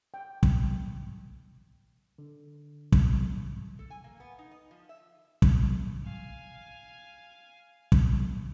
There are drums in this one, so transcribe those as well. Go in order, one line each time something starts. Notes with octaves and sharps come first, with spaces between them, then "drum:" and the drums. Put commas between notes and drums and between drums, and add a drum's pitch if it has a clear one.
G5
drum: kick
D3
drum: kick
A4
G#5
A#3
B3
D#4
D#5
F3
E5
drum: kick
F5 G#5
drum: kick